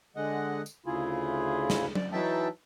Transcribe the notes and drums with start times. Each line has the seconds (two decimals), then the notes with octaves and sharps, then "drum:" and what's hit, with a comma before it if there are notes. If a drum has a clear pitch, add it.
0.16 D3 G#3 D#5 F#5
0.66 drum: tambourine
0.86 D2 C#3 E4 F4 G#4
1.70 drum: snare
1.95 D5, drum: tom F#3
2.12 E3 F#3 D#4 E5 G5 A5